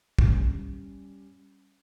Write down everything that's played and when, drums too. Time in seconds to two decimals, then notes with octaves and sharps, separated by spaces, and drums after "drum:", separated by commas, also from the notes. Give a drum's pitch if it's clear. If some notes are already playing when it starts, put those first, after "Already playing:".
0.19 G3 C#4, drum: kick